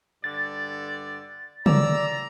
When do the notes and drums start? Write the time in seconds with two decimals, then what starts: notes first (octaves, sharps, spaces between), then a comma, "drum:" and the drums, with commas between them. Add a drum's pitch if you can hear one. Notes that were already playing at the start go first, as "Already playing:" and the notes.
0.24 G2 D3 D5 A6
1.66 A2 D5 A#5 E6, drum: tom